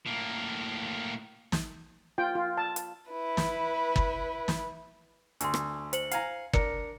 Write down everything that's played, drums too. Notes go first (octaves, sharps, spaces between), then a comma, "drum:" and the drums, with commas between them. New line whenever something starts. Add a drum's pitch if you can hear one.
A2 A#3
drum: snare
F4 G5
F4
A5
drum: hi-hat
E4 B4
drum: snare
drum: kick
drum: snare
D2 G#5 C6, drum: hi-hat
drum: rim click
C5 C#7 F#7, drum: hi-hat
F5 G#5 A#5, drum: hi-hat
D4 A#4 C#7, drum: kick